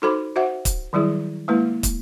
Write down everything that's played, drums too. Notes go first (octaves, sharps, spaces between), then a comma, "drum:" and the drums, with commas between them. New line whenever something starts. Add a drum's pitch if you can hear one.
D#4 F#4 A4 C5 B5 D6
F#4 C5 E5 F#5
drum: kick, hi-hat
D#3 F#3 G3 E4 G#4
G#3 A#3 E4 B4
drum: kick, hi-hat